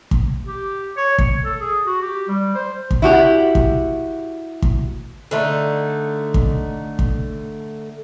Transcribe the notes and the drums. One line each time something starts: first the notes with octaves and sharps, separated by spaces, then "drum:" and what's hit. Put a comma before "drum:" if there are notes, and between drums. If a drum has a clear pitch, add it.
drum: kick
G4
C#5
C#5, drum: kick
A4
G#4
F#4
G4
G3
C5
drum: kick
E4 F#4 G4
drum: kick
drum: kick
D3 A3 D#4
drum: kick
drum: kick